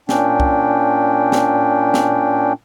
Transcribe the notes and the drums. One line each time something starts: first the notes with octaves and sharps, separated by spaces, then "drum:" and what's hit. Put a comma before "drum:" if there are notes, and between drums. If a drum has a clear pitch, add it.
A#2 C#4 D4 G5, drum: snare
drum: kick C2
drum: snare
drum: snare